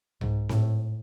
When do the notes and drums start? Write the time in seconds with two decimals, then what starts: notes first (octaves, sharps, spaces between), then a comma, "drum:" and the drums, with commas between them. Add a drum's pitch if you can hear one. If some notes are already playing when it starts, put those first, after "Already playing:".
0.21 G#2, drum: tom C2
0.49 A2, drum: snare C4